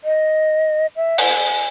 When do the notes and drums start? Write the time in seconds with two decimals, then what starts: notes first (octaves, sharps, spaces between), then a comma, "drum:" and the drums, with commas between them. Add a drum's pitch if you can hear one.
0.04 D#5
0.96 E5
1.18 G#5, drum: open hi-hat